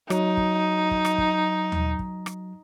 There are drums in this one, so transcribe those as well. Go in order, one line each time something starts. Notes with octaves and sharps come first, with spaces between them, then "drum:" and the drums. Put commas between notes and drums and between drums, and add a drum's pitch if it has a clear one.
F#3 D#4, drum: rim click
drum: kick
drum: kick
drum: rim click
drum: kick
drum: tom D#2
drum: kick
drum: rim click